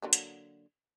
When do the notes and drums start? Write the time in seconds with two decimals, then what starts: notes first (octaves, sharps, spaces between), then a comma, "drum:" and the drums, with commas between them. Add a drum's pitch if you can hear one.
0.02 D3 F#3 A#3
0.13 drum: hi-hat